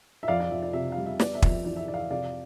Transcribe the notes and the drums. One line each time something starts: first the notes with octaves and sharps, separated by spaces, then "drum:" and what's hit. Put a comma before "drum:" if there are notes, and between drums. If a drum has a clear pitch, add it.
E5
F2 D5 F5
D5
F2 E5
D5
C3 E5
G3 F5
E5
B3 D5, drum: snare
E5
F2, drum: kick
E5
E3 D5
E5
F2 D5
F5
E5
C3 D5 F5